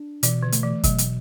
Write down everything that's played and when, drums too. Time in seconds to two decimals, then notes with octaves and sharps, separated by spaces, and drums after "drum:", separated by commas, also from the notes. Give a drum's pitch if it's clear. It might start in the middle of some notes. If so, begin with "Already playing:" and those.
Already playing: D4
0.23 B2 E3, drum: hi-hat
0.43 D3
0.52 A3, drum: hi-hat
0.63 E3
0.84 B2 F#3, drum: kick, hi-hat
0.98 drum: hi-hat